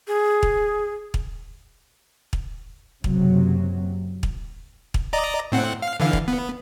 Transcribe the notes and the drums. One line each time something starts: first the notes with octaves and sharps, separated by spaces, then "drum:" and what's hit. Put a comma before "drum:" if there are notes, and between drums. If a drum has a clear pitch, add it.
G#4
drum: kick
drum: kick
drum: kick
F#1 C3 F#3, drum: kick
drum: kick
drum: kick
D5 D#5 A#5
A2 C4 F#5
F5
D3 E3 F5
drum: kick
B3